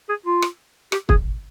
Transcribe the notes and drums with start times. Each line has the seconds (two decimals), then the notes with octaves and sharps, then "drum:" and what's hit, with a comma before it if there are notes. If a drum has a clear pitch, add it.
0.09 G#4
0.26 F4
0.42 drum: rim click
0.92 G4, drum: rim click
1.09 G#4, drum: kick